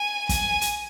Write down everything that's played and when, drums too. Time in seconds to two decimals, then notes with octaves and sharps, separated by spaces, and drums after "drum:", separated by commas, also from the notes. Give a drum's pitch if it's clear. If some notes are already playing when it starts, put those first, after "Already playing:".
Already playing: G#5
0.29 G#5, drum: kick, hi-hat
0.61 drum: hi-hat